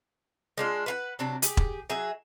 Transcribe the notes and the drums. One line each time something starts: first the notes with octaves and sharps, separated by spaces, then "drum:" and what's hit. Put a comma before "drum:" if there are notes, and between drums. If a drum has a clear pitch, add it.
G#3 D4 F4
B4 F5 F#5
C3 F#3 D4
G4 G#4, drum: hi-hat
drum: kick E1
F#3 G#4 E5